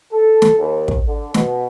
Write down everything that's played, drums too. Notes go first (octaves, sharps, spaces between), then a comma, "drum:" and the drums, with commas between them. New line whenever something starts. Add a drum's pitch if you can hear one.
A4
drum: snare
D#2
drum: kick
D3
B2, drum: snare